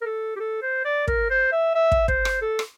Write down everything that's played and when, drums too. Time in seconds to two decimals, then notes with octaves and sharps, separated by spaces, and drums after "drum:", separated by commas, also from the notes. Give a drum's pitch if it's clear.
0.02 A#4
0.06 A4
0.36 G4
0.40 A4
0.62 C5
0.85 D5
1.08 A#4, drum: kick
1.30 C5
1.52 E5
1.75 E5
1.92 drum: kick
2.08 C5, drum: kick
2.25 drum: rim click
2.42 A4
2.59 drum: rim click